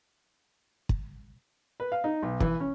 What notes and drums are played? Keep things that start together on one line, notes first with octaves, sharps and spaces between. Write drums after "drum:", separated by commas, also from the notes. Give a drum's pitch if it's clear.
drum: kick
B4
F5
D#4
B1
E3, drum: kick
C#4